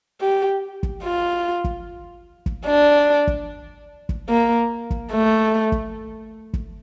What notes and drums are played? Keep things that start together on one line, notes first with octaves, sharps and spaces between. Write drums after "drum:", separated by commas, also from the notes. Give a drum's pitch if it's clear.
G4
drum: kick
F4
drum: kick
drum: kick
D4
drum: kick
drum: kick
A#3
drum: kick
A3
drum: kick
drum: kick